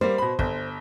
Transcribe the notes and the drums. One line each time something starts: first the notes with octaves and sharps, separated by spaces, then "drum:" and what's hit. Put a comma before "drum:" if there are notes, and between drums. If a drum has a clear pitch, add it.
G3 A#3 C5
B2 B5
G1, drum: kick